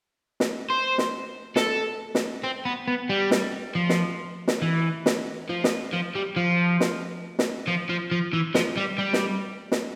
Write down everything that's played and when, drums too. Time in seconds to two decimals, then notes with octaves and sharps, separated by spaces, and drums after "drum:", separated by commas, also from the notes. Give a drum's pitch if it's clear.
0.40 drum: snare
0.70 C5
0.98 drum: snare
1.56 A4, drum: snare
2.15 drum: snare
2.44 C4
2.65 B3
2.88 B3
3.10 G3
3.31 drum: snare
3.75 F3
3.89 drum: snare
4.48 drum: snare
4.62 E3
5.06 drum: snare
5.49 F3
5.64 drum: snare
5.93 F3
6.15 G3
6.36 F3
6.80 drum: snare
7.39 drum: snare
7.68 F3
7.90 F3
8.12 F3
8.33 E3
8.55 F3, drum: snare
8.77 G3
8.98 G3
9.13 drum: snare
9.72 drum: snare